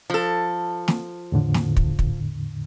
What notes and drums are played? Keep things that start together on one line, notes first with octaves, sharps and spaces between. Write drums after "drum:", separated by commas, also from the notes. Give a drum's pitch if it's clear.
F3 A4
drum: snare
E2 A2 D3
drum: snare
drum: kick
drum: kick